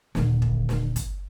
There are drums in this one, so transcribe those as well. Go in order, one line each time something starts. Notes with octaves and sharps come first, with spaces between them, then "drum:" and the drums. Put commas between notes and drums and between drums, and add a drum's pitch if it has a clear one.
D#1 D3, drum: snare
drum: kick
drum: snare
drum: kick, hi-hat